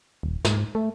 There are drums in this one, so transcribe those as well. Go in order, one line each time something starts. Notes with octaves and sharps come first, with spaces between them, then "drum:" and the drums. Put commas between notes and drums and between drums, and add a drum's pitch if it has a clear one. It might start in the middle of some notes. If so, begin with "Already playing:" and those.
D#1
G#2, drum: snare
A3